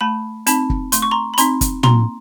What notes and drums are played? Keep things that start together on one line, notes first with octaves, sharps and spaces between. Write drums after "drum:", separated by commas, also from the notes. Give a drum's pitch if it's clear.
A3 A5 B5
C4 D#4 A5 B5, drum: hi-hat
drum: kick
A3 C6, drum: hi-hat
C#6
A#5 C6
B5
C4 D#4 A#5 C6, drum: hi-hat
drum: kick, hi-hat
A#3 A#5 C6, drum: tom